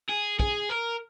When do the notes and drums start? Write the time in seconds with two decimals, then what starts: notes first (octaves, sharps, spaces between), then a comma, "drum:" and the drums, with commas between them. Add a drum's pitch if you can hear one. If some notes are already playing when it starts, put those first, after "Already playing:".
0.09 G#4
0.40 G#4, drum: kick
0.70 A#4